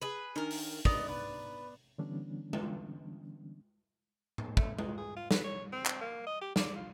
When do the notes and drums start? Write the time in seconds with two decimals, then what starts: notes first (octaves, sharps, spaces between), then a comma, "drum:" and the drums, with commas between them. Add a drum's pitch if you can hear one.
0.02 G#4 B4
0.36 D#3 D4 D#4 A#4
0.50 drum: open hi-hat
0.85 B3 D5 D#5 A#5, drum: kick
1.08 B4
1.98 D3 E3 G3 B3 C#4 D4
2.53 drum: tom G#3
4.38 drum: tom A2
4.57 A3, drum: kick
4.79 G#3, drum: tom G#3
4.98 G#4
5.16 F4
5.31 B4, drum: snare
5.44 C#5
5.73 C4
5.86 drum: clap
6.01 A#3
6.27 D#5
6.42 G4
6.56 D5, drum: snare
6.76 F4